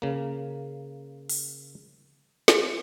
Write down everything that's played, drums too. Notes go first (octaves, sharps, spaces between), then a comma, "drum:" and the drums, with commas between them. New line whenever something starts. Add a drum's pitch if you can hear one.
C#3 A#3
drum: open hi-hat
drum: snare